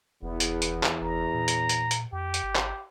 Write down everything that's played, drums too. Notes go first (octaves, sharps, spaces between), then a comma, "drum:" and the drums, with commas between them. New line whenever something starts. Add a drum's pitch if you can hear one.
F1 E2 B3
drum: hi-hat
drum: hi-hat
drum: clap
F#1 A#5
A#2
drum: hi-hat
drum: hi-hat
drum: hi-hat
F2 G4
drum: hi-hat
G#1
drum: clap